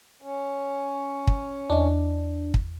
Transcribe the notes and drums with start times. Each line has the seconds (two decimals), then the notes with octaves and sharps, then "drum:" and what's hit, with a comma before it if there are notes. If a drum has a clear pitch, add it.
0.22 C#4
1.27 drum: kick
1.70 E2 D4 D#5
2.54 drum: kick